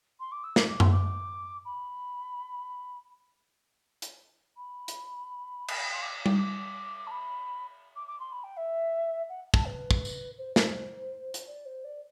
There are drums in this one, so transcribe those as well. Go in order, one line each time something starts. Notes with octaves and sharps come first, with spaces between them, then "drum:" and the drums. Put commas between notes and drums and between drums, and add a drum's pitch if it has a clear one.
C6
D6
E6
D6, drum: snare
D6
C6, drum: tom F#2
D6
B5
drum: hi-hat
B5
drum: hi-hat
drum: cymbal
C6
D6
D6, drum: tom G3
D6
A5
B5
D6
D6
C6
B5
G5
E5
F#5
A5, drum: kick
B4
drum: kick
drum: tambourine
C5
C5, drum: snare
drum: hi-hat
D5
C5
D5